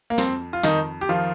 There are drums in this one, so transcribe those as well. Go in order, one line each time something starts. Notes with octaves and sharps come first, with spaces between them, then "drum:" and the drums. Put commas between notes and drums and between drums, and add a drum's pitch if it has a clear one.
A#3
F2 C4, drum: snare
F4
F2 D#3 D#4, drum: snare
G4
D#3 F3 F4